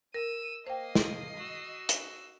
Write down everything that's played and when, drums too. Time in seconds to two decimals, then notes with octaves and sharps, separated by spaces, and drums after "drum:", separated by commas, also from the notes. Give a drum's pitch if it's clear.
0.14 A#4 E6 D#7
0.67 A#3 C5 D#5 G5 C7
0.95 drum: snare
1.36 F#4 E6
1.89 drum: hi-hat